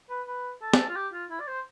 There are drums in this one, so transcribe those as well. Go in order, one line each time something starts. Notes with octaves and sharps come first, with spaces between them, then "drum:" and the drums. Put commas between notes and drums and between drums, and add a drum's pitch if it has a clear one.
B4
B4
A4
drum: snare
F4
G4
F4
E4
D5
C5